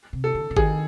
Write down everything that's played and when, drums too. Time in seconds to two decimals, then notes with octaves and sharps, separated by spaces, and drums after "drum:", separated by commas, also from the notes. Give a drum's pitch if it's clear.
0.13 C3
0.24 A4
0.35 D3
0.51 D3
0.57 D#3 G#4, drum: kick G#1